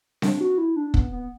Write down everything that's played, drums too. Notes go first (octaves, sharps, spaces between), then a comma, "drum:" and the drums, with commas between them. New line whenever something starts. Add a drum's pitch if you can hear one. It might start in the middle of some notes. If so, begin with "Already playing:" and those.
D4, drum: snare C4
F#4
E4
D4
B3, drum: kick
B3